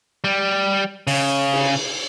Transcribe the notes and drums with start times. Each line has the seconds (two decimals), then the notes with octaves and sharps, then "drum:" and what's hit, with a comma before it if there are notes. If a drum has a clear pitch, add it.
0.24 G3
1.07 C#3, drum: open hi-hat
1.52 drum: cymbal